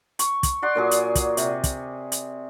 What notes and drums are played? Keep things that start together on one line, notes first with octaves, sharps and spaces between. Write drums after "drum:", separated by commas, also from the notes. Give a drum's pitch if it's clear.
C#6, drum: hi-hat
drum: kick, hi-hat
D5 F#5 C6
A#2 F#3 G#4
drum: hi-hat
drum: kick, hi-hat
C3, drum: hi-hat
drum: kick, hi-hat
drum: hi-hat